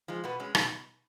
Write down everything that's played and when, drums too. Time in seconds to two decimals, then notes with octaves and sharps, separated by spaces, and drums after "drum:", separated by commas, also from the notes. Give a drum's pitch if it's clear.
0.08 F3 G#3
0.24 B2 B3
0.40 G#3 C#4
0.55 B2 D#4, drum: rim click